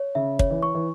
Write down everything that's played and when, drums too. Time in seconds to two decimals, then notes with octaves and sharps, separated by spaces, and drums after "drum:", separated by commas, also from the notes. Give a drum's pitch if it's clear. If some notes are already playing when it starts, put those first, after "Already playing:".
Already playing: C#5
0.15 C#3 E5
0.39 C#5, drum: kick
0.50 E3
0.63 C#6
0.75 E3